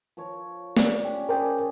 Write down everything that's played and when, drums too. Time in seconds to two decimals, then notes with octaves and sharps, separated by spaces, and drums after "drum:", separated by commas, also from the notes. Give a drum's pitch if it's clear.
0.17 F3 A#4 C#5
0.77 D5, drum: snare
1.03 C#4 G4 G#4
1.29 C#4 G#4 A#4 C5 D5 G5